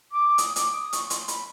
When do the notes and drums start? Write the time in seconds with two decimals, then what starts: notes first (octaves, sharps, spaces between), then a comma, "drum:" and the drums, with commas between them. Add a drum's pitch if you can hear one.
0.11 D6
0.38 D#6, drum: hi-hat
0.56 D6, drum: hi-hat
0.73 D#6
0.93 C#6, drum: hi-hat
1.05 C#6
1.10 C6, drum: hi-hat
1.28 B5, drum: hi-hat